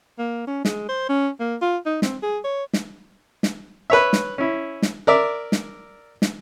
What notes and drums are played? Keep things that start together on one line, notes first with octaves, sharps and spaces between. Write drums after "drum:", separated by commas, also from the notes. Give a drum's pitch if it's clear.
A#3
C#4
G#3, drum: snare
C5
C#4
A#3
F4
D#4
C4, drum: snare
G#4
C#5
drum: snare
drum: snare
B4 C#5 E5
drum: snare
C#4 E4
drum: snare
A#4 D5 E5
drum: snare
drum: snare